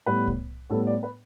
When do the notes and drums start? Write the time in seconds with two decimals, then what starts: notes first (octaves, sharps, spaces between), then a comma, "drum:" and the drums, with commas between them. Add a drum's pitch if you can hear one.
0.06 A2 G3 B3 B4
0.28 drum: kick C2
0.70 A2 G3 B3 A4
0.87 D5
1.03 B4